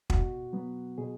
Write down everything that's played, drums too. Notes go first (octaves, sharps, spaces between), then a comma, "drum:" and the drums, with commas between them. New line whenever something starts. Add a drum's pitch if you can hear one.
B2 F#4, drum: kick
F#3 B3
B2 G#4